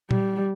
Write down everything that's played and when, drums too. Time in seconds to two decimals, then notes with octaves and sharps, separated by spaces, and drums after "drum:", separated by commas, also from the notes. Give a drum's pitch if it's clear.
0.11 G3, drum: tom A#2